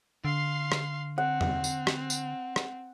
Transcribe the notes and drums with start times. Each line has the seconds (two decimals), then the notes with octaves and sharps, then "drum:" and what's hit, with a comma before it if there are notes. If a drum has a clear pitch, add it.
0.25 D3 F5 C6
0.72 drum: rim click
1.18 C4 F#5
1.41 drum: tom
1.64 drum: tambourine
1.87 drum: rim click
2.10 drum: tambourine
2.56 drum: rim click